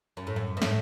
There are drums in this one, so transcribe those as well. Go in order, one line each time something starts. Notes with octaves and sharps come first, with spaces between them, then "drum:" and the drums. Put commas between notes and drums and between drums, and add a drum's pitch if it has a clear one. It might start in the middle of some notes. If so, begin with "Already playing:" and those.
F#2
A2
F#2
B2
A2, drum: snare